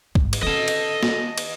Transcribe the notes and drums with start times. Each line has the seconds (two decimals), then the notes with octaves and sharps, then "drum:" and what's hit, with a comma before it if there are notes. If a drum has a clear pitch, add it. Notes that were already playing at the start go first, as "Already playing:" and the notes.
0.15 G#1 G2, drum: kick
0.33 drum: cymbal
0.43 D#3 C#4 A4 D#5 A5
0.68 drum: cymbal
1.03 drum: snare
1.38 drum: cymbal